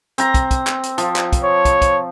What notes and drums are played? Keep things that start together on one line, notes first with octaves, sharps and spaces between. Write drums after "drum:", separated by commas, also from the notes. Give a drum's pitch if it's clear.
C4 A#5, drum: hi-hat
drum: kick, hi-hat
drum: kick, hi-hat
drum: clap
drum: hi-hat
F3, drum: hi-hat
drum: clap
drum: kick, hi-hat
C#5
drum: kick, hi-hat
drum: kick, hi-hat